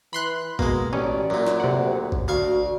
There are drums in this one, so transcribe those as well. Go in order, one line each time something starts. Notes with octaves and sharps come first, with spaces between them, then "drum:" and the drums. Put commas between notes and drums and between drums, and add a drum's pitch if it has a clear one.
E3 B5 C6 F#6
B2 G#3 A#3 B3, drum: kick A#1
A1 C#4 D5
F#2 A#2
drum: snare
D2 C3 F#5
drum: kick A#1
D2 F#4 D5 F5 C#6